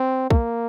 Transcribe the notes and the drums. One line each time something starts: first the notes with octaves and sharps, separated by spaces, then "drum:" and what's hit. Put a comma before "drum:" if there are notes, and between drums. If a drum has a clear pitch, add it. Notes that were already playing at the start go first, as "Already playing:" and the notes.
Already playing: C4
A#3, drum: kick